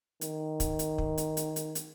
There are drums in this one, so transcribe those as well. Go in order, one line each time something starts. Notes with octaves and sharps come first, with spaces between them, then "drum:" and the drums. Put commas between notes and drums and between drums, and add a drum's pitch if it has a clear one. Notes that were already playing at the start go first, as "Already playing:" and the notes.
D#3, drum: hi-hat
drum: kick, hi-hat
drum: hi-hat
drum: kick
drum: hi-hat
drum: hi-hat
drum: hi-hat
drum: hi-hat